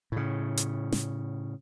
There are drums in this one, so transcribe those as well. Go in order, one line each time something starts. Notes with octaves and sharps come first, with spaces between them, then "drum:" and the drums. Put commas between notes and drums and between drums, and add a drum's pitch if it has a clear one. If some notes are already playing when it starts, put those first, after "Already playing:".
A2 C#3
drum: hi-hat
drum: snare